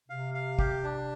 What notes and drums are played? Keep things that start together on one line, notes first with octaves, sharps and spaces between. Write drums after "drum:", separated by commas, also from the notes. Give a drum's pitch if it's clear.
C3 F5
F5
G4, drum: kick
D4